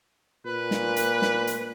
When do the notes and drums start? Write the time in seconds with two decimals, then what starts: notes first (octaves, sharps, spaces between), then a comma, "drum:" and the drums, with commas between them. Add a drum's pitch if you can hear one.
0.46 A#2 B4
0.71 drum: snare
0.96 drum: hi-hat
1.22 drum: snare
1.47 drum: hi-hat